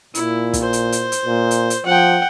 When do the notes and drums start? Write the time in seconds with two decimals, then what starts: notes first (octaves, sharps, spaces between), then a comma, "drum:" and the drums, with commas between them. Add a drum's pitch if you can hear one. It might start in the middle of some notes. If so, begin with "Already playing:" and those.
0.15 A#2 E4, drum: hi-hat
0.54 drum: kick, hi-hat
0.63 C5
0.73 drum: hi-hat
0.92 drum: hi-hat
1.12 drum: hi-hat
1.25 A#2
1.51 drum: hi-hat
1.70 drum: hi-hat
1.86 F3 F#5 G5